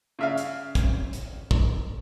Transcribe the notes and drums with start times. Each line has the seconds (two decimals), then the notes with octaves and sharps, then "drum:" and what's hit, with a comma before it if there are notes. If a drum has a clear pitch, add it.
0.19 C#3 E5 F5
0.38 drum: hi-hat
0.75 drum: kick, hi-hat
1.13 drum: hi-hat
1.51 drum: kick